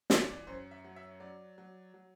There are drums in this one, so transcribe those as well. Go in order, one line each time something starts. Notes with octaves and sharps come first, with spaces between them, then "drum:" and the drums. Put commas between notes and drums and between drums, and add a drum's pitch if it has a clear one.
E3 D5, drum: snare
D5
F#2 C5
E5
F#3
E5
F#3 D5
F#3
F#3